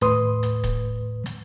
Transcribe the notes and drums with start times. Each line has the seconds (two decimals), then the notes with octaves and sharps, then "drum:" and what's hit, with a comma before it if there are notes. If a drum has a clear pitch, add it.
0.01 D#2 A2 B4 C6 D#6, drum: hi-hat
0.43 drum: hi-hat
0.64 drum: kick, hi-hat
1.26 drum: hi-hat